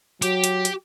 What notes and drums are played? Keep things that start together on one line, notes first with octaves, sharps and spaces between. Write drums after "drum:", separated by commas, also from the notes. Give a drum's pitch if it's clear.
F#3 G4, drum: hi-hat
drum: hi-hat
drum: hi-hat